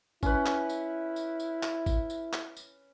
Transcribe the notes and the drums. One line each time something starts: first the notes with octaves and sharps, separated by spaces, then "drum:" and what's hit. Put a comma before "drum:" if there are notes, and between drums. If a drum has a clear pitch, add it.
C#4 E4 B4, drum: kick G#1, tambourine
drum: clap
drum: tambourine
drum: tambourine
drum: tambourine
drum: clap
drum: kick G#1, tambourine
drum: tambourine
drum: clap
drum: tambourine